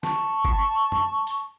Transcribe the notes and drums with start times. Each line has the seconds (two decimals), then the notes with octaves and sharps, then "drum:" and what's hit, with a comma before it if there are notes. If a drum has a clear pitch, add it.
0.03 A5 C#6, drum: snare
0.45 drum: kick G1
0.92 drum: tom
1.27 drum: tambourine